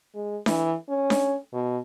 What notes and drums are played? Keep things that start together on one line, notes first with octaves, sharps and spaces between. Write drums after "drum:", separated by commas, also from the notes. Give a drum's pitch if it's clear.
G#3
E3, drum: snare D4
C#4
drum: snare D4
B2